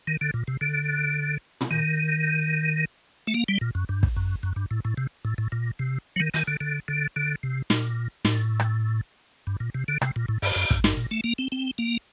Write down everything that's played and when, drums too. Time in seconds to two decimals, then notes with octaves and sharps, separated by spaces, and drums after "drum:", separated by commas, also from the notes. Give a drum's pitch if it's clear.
0.07 D#3
0.21 D3
0.34 A#2
0.48 C3
0.61 D3
1.61 drum: tom
1.71 D#3
3.27 A3
3.34 A#3
3.48 G3
3.61 A#2
3.75 F#2
3.89 G2
4.03 drum: kick
4.16 F#2
4.43 F#2
4.56 G2
4.71 A2
4.85 A2
4.97 C3
5.25 A2
5.38 A2
5.52 A#2
5.79 C3
6.16 F#3
6.20 D#3
6.34 D#3, drum: hi-hat
6.48 D3
6.61 D3
6.88 D3
7.16 D3
7.43 C3
7.70 A#2, drum: snare
8.25 A2, drum: snare
8.60 drum: rim click
9.47 G2
9.60 A#2
9.75 C3
9.88 D3
10.01 C3, drum: rim click
10.16 A#2
10.28 A2
10.42 G2, drum: open hi-hat
10.56 F#2
10.70 G2, drum: kick
10.84 G2, drum: snare
10.97 A#2
11.11 A3
11.24 A#3
11.38 C4
11.52 C4
11.78 A#3